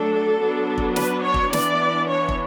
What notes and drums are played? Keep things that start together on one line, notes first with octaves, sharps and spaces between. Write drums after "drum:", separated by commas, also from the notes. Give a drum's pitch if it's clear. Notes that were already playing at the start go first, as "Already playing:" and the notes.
Already playing: F#3 A3 D4 A4
F#3 B3 D4
drum: kick
B4, drum: snare
C#5
drum: kick
E3 B3 D4 D5, drum: snare
C#5
drum: kick